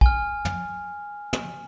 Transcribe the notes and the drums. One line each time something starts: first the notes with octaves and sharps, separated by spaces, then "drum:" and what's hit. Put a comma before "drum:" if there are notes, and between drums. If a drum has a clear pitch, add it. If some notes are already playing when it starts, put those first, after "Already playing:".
G#5 F6, drum: kick
drum: tom
drum: tom